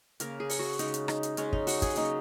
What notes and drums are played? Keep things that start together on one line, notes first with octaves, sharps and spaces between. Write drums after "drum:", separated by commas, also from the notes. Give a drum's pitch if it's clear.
C#3 A#3 A#4, drum: hi-hat
G#4
drum: open hi-hat
F#4
C#3 G#3 D#4, drum: hi-hat
drum: hi-hat
D#4, drum: rim click
drum: hi-hat
C#3 G#3 C#4, drum: hi-hat
D#4, drum: kick
F#4, drum: open hi-hat
G#4, drum: kick, hi-hat
C#3 F#3 A#3 D#4, drum: hi-hat